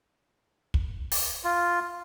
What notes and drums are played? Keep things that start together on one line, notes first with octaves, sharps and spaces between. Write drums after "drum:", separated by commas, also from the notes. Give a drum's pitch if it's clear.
drum: kick
drum: open hi-hat
F4